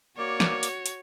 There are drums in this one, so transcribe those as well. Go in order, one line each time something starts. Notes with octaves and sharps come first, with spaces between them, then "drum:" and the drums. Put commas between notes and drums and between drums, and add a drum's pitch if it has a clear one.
A#3 F#4 C#5 D5
drum: snare
drum: hi-hat
drum: hi-hat